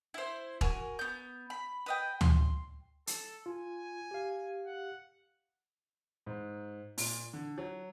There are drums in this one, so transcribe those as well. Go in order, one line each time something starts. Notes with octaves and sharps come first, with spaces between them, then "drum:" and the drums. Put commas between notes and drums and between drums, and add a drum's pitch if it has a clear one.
E4 C5
F#4 A#4 G#5, drum: kick E1
B3 G6
B5
B4 D#5 G5
C6, drum: tom D2
A4, drum: hi-hat
F4 G#5
G4 F5
F#5
G#2
A#2, drum: open hi-hat
D3
F#3